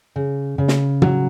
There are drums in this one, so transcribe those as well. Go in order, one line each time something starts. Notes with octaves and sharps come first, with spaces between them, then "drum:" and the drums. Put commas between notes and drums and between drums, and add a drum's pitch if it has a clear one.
C#3
C#3
drum: snare
F#3, drum: tom